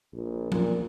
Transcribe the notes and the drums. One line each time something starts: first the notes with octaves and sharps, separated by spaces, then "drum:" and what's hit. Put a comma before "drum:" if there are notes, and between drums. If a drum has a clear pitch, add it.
A#1
A#2, drum: tom F3